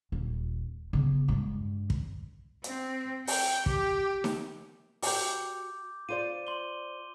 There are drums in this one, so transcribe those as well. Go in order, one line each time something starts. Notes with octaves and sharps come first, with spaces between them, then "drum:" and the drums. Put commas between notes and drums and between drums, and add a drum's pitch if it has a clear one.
D#1
C#3 B3
G2 G#3
drum: kick
C4, drum: hi-hat
G5, drum: open hi-hat
G4, drum: kick
drum: snare D#4
F#4 G4 D6 G6, drum: open hi-hat
F4 C5 D5 D#7
C6 G7